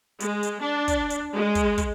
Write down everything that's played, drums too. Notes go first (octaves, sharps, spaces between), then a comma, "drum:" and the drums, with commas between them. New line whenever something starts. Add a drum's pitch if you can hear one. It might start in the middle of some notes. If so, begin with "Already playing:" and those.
G#3, drum: hi-hat
drum: hi-hat
D4
drum: kick, hi-hat
drum: hi-hat
G#3
drum: kick, hi-hat
drum: kick, hi-hat